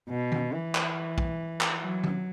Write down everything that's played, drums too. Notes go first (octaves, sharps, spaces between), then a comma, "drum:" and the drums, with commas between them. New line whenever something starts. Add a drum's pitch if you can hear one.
B2
drum: tom
E3
drum: clap
drum: kick
drum: clap
F#3
drum: tom